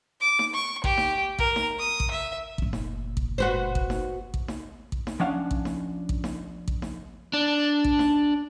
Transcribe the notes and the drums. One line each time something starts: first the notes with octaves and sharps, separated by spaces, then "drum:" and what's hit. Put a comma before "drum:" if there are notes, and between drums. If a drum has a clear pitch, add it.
D6
drum: snare D#4
C#6
G4, drum: kick A1
drum: snare D#4
A#4, drum: kick A1
drum: snare D#4
D#6
drum: kick A1
E5
F#1 A#2, drum: kick A1
drum: snare D#4
drum: kick A1
F#4 B4 C5
drum: kick A1
drum: snare D#4
drum: kick A1
drum: snare D#4
drum: kick A1
drum: snare D#4
F3 C#4 D4 F5 F#5
drum: kick A1
drum: snare D#4
drum: kick A1
drum: snare D#4
drum: kick A1
drum: snare D#4
D4
drum: kick A1
drum: snare D#4